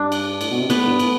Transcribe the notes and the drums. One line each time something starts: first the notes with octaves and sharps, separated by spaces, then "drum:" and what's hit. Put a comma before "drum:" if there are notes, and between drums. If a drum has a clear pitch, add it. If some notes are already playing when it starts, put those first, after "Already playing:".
Already playing: G2 D4
drum: cymbal
A2, drum: cymbal
B2
C3
A2 B3 B4, drum: cymbal
G2
A2, drum: cymbal